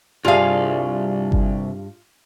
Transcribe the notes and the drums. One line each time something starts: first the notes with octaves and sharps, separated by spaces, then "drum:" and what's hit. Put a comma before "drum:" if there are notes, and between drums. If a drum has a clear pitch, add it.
C2 G2 F4 G4 G#4 D5 F5 G#5
drum: kick G1